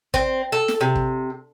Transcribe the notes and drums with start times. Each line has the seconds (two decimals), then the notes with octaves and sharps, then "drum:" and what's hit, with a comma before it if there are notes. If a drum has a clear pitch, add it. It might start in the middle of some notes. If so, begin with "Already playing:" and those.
0.14 C4, drum: kick
0.52 A4
0.68 drum: snare
0.81 C3
0.96 drum: kick